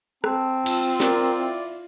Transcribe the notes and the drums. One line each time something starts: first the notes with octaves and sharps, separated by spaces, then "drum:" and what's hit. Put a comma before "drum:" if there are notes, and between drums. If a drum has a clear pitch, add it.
C4 A5, drum: rim click
F4 E6, drum: cymbal
A#4 D5, drum: snare
E4